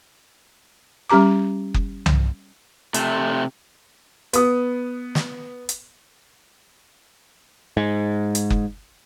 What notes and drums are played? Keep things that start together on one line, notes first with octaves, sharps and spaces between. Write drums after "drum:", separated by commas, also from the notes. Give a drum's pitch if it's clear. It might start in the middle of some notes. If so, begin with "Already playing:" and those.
G3 C#4 G4 A#5 D6
drum: kick F#1
drum: tom C2
C3 A3, drum: hi-hat
B3 D#6, drum: hi-hat
drum: snare
drum: hi-hat
G#2
drum: hi-hat
drum: kick F#1